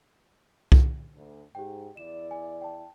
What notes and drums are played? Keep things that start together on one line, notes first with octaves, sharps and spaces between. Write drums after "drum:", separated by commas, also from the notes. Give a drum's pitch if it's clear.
drum: kick C2
D2
G#2 G4 G5
E2 E4 D5 E7
G#5
G5 A5